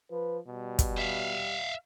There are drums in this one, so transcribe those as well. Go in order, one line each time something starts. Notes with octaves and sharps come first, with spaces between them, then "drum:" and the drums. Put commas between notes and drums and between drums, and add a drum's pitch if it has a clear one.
F3 B4
B2 G3
drum: kick, hi-hat
E5 F5